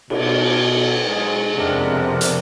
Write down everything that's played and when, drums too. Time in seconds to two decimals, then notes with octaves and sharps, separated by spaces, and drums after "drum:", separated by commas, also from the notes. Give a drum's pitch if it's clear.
0.10 B2, drum: cymbal
1.09 F#3 G#3 C4 G#4
1.56 F2 C3 B3 D4 A#4
2.21 drum: hi-hat